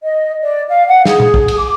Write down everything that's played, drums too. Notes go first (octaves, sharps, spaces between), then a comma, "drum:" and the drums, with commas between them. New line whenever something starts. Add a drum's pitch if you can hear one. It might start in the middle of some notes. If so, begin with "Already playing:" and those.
D#5
D5
F5
F#5
G#4, drum: snare
drum: tom A#2
drum: kick
drum: cymbal
D6